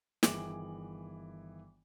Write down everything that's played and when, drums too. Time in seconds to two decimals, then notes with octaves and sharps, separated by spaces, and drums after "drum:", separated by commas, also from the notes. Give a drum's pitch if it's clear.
0.23 G1 D#3 E3 G#4 D6 F#7, drum: snare